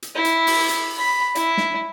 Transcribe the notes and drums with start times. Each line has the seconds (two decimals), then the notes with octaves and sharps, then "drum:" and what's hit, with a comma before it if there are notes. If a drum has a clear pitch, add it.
0.02 drum: hi-hat
0.15 E4
0.25 drum: hi-hat
0.47 drum: open hi-hat
0.69 drum: hi-hat
0.97 B5
1.35 E4, drum: hi-hat
1.57 drum: snare